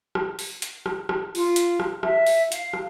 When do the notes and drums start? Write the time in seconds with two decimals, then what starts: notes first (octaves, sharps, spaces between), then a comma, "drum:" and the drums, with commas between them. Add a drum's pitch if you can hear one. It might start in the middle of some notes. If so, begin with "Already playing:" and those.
0.15 drum: rim click
0.39 drum: open hi-hat
0.62 drum: hi-hat
0.86 drum: rim click
1.09 drum: rim click
1.35 F4, drum: open hi-hat
1.56 drum: hi-hat
1.80 drum: rim click
2.03 E5, drum: rim click
2.27 drum: open hi-hat
2.52 F5, drum: hi-hat
2.73 drum: rim click